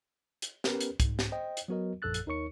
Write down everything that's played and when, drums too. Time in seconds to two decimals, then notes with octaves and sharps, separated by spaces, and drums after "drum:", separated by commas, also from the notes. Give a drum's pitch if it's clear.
0.42 drum: hi-hat
0.64 B3 C#4 G4 A#4 B4, drum: snare
0.81 drum: hi-hat
1.00 C2 G#2, drum: kick, hi-hat
1.19 drum: snare
1.32 C5 D#5 G5
1.57 drum: hi-hat
1.68 F#3 B3 F#4 A#4 D#5
2.02 A#1 F#2 A4 E6 F#6 A6
2.14 drum: hi-hat
2.26 D#2 D#4 A#4 C#5 C#6 C#7